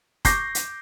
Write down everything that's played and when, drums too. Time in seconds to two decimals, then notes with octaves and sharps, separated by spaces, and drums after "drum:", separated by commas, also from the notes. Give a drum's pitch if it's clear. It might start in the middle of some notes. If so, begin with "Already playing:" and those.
0.25 C#6 D6 G6 A#6 C7, drum: kick F1, hi-hat
0.55 drum: hi-hat